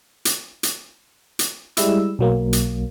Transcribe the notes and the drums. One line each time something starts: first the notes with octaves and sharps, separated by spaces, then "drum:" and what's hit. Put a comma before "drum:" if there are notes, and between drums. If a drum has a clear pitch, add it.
drum: hi-hat
drum: hi-hat
drum: hi-hat
G3 G#3 E4 E6, drum: hi-hat
B1 F#3 A#3
drum: hi-hat